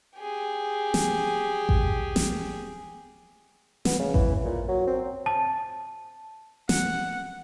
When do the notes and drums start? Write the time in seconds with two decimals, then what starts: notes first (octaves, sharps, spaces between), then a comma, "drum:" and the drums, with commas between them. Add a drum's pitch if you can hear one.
0.19 G4 G#4
0.94 drum: snare
1.69 drum: kick A1
2.16 drum: snare
3.85 B3, drum: snare
3.99 C#3
4.14 E3, drum: kick A1
4.44 A#2
4.68 F#3
4.87 C4
5.26 A5
6.69 F#5, drum: snare